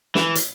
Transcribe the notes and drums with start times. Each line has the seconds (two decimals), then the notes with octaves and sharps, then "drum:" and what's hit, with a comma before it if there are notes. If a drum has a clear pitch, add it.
0.15 E3, drum: snare
0.35 drum: hi-hat